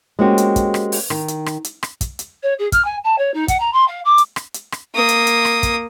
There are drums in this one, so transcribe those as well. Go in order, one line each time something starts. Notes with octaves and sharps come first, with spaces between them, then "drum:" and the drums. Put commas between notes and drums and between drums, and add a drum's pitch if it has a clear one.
G#3 A#3 C4 C#4 F#4 G4
drum: hi-hat
drum: kick, hi-hat
drum: rim click
drum: open hi-hat
D#3, drum: rim click
drum: hi-hat
drum: rim click
drum: hi-hat
drum: rim click
drum: kick, hi-hat
drum: hi-hat
C#5
G#4
F6, drum: kick, hi-hat
G#5
A5
C#5
D#4
F#5, drum: kick, hi-hat
A#5
C6
F5
D6
drum: hi-hat
drum: rim click
drum: hi-hat
drum: rim click
A#3 D#6
drum: hi-hat
drum: hi-hat
drum: rim click
drum: kick, hi-hat